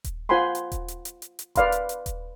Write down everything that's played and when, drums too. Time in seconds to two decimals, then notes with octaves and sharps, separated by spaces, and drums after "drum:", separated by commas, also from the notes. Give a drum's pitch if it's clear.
0.04 drum: kick D#1, hi-hat
0.29 F4 C5 F#5 G#5 B5 C6
0.55 drum: hi-hat
0.72 drum: kick D#1, hi-hat
0.88 drum: hi-hat
1.05 drum: hi-hat
1.22 drum: hi-hat
1.39 drum: hi-hat
1.55 B4 D5 F5 B5 C6, drum: kick D#1, hi-hat
1.72 drum: hi-hat
1.89 drum: hi-hat
2.06 drum: kick D#1, hi-hat